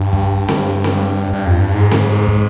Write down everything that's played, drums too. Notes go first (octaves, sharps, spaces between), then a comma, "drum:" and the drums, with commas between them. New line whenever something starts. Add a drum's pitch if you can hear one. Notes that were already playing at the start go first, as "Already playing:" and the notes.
Already playing: G2
drum: kick
drum: snare C4
drum: snare C4
G2
F2
G2
G#2
drum: snare C4
drum: kick